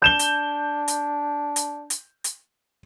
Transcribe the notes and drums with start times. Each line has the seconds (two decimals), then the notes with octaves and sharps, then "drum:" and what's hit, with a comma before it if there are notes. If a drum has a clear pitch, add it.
0.02 D4 G6 E7 G7
0.19 drum: hi-hat
0.88 drum: hi-hat
1.56 drum: hi-hat
1.90 drum: hi-hat
2.24 drum: hi-hat